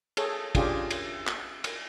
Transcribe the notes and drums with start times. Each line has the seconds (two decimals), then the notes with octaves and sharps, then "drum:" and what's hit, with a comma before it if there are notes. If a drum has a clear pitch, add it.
0.17 G#4 A4 C#5, drum: cymbal
0.55 C#4 D4 F4 G4 G#4, drum: kick, cymbal
0.91 drum: cymbal
1.27 drum: clap
1.64 drum: cymbal